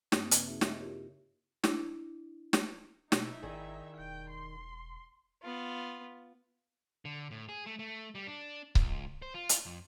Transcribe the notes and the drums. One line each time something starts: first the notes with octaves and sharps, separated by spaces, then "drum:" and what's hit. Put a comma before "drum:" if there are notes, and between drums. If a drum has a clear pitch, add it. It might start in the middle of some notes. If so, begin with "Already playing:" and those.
G2 A#3 C4 D#6, drum: snare
C#3 C4 B4 F#6 G#6, drum: hi-hat
C4 D#4 F#4 G#4 E5
D#5 E5 C6, drum: snare
E4 F4 G4 A#4 C#5
D4 E4, drum: snare
drum: snare
B2 D#4 E4 E5, drum: snare
G#1 D#3 G#4 D5
E1 G5
C6
B3 F4
D3
A2
G#4
A3
A3
G3
D4
C#2, drum: kick C#1
C5
F4
drum: hi-hat
F2